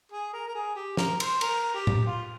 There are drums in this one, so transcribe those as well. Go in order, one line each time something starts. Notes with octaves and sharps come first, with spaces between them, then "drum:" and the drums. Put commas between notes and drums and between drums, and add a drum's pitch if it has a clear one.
G#4
A#4
A#4
G#4
G4
A#4, drum: snare
C5, drum: cymbal
A#4, drum: cymbal
G4
drum: tom A2
F4